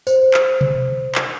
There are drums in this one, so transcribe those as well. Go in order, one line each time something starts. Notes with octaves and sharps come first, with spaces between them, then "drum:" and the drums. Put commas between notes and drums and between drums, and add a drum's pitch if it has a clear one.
C5, drum: tambourine
drum: clap
drum: tom B2
drum: clap